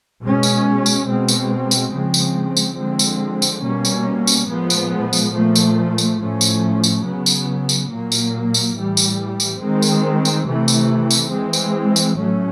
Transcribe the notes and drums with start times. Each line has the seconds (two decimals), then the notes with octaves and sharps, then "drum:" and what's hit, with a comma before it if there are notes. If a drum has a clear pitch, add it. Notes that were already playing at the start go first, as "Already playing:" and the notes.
0.21 B2 G#3 C#4
0.43 drum: tambourine
0.86 drum: tambourine
1.07 B2 G#3 C4
1.28 drum: tambourine
1.71 drum: tambourine
1.92 C#3 F3 G#3 C4
2.14 drum: tambourine
2.57 drum: tambourine
2.78 D3 F3 G#3 C4
2.99 drum: tambourine
3.42 drum: tambourine
3.63 B2 G3 A#3 C#4
3.85 drum: tambourine
4.27 drum: tambourine
4.49 A#2 F3 G#3 B3
4.70 drum: tambourine
5.13 drum: tambourine
5.34 A#2 F3 A3
5.55 drum: tambourine
5.98 drum: tambourine
6.20 A2 F3 A3 C#4
6.41 drum: tambourine
6.84 drum: tambourine
7.04 C#3 F#3 B3
7.26 drum: tambourine
7.69 drum: tambourine
7.90 A#2 F#3 A#3
8.12 drum: tambourine
8.54 drum: tambourine
8.76 A2 E3 G3
8.97 drum: tambourine
9.40 drum: tambourine
9.61 D#3 G#3 C4
9.82 drum: tambourine
10.25 drum: tambourine
10.47 C3 E3 A3
10.68 drum: tambourine
11.11 drum: tambourine
11.32 E3 G#3 C4
11.53 drum: tambourine
11.96 drum: tambourine
12.18 A2 F#3 A3 C#4